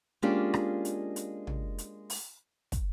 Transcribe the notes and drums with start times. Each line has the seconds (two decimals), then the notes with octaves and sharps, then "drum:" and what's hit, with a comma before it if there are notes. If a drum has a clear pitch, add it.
0.22 G#3 A#3 C#4 D4 F4 G4
0.54 drum: rim click
0.85 drum: hi-hat
1.16 drum: hi-hat
1.47 drum: tom
1.78 drum: hi-hat
2.10 drum: open hi-hat
2.72 drum: kick, hi-hat